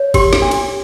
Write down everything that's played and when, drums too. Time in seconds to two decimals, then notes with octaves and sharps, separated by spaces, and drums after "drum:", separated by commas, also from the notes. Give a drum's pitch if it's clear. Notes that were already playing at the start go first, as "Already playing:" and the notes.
Already playing: C#5
0.14 G4 C6, drum: kick, cymbal
0.33 drum: snare
0.42 D4
0.51 drum: cymbal